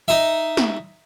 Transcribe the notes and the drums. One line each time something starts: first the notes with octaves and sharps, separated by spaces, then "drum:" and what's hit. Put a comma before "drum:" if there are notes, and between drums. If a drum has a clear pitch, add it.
D#4 E5
drum: snare